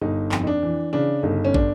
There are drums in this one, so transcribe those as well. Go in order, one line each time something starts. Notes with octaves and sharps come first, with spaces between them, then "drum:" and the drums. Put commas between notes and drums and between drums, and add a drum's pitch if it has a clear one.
G1 D#4
F2, drum: clap
D#4
D4
E3
C#3 D4
G1 D#4
C#4
D4, drum: kick